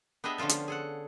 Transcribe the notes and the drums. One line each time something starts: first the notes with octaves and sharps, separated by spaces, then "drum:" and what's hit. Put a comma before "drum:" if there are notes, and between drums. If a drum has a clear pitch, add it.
B3 D4 G4 G#4 D#5 E5
D3 F3 C#4 F4 A5
drum: hi-hat
G#4 A4 F#5